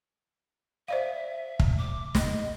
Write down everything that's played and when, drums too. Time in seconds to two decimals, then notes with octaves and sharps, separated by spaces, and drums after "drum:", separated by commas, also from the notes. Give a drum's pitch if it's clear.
0.88 C5 D5 E5 F5
1.60 drum: kick
1.79 D6
2.15 D#5, drum: snare